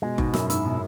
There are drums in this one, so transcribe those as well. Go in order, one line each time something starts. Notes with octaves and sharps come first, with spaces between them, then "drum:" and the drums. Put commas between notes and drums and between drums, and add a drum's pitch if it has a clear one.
B2 G#3
G#2 B2, drum: kick F#1
F#2 E4, drum: snare
G#2 E4, drum: hi-hat
B2